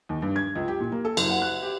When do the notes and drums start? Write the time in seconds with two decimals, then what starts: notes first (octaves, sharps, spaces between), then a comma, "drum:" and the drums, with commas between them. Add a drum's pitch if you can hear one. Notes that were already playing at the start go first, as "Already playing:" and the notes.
0.09 D#2
0.22 G2
0.36 G#6
0.55 C#2
0.68 G4
0.80 A#2
0.92 A#3
1.05 A4
1.17 F#1, drum: cymbal
1.30 F#5
1.42 F#6
1.62 G4